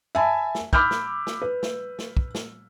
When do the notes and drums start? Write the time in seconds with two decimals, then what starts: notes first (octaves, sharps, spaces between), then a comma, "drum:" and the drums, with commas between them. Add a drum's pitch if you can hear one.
0.15 E5 G#5 A5 B5
0.55 drum: snare
0.73 B5 D6 E6 F6 G6, drum: kick
0.91 drum: snare
1.27 drum: snare
1.42 B4
1.63 drum: snare
1.99 drum: snare
2.17 drum: kick
2.35 drum: snare